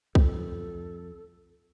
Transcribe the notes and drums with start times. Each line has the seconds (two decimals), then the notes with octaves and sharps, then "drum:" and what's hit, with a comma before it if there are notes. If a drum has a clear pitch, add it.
0.15 F2 A4, drum: kick C2